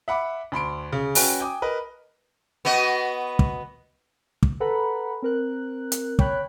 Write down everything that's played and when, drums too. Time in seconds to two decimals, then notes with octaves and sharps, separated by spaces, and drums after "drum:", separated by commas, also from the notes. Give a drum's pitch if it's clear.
0.08 E5 F#5 B5 D6
0.52 D2 B5 C6 D7
0.93 C#3
1.15 C#4 F#4 B4 G5, drum: open hi-hat
1.40 G5 G#5 D6 D#6
1.62 A#4 B4 D#5
2.65 B3 F#4 D#5
3.39 drum: kick
4.43 drum: kick
4.60 A4 B4 F#5 A#5 B5
5.22 C4 A#4 F#6
5.92 drum: hi-hat
6.19 C#5 G5 B5 F#6, drum: kick